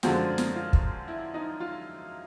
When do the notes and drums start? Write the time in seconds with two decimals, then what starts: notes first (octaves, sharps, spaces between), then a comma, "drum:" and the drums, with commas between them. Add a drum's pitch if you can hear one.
0.03 F#2 D3 F3 G#3 F#4, drum: snare
0.38 drum: snare
0.55 F4
0.73 drum: kick
1.08 E4
1.34 D#4
1.60 F4